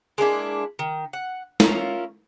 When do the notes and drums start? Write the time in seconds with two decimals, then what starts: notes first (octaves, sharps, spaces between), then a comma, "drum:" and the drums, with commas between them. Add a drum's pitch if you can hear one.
0.18 G#3 A#3 D4 E4
0.79 D#3
1.13 F#5
1.60 C#4 E4 F4 A#4, drum: snare